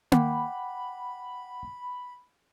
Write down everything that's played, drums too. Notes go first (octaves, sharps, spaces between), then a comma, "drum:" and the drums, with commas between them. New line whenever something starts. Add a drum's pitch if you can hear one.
F#5 G5 B5 D6, drum: tom A#3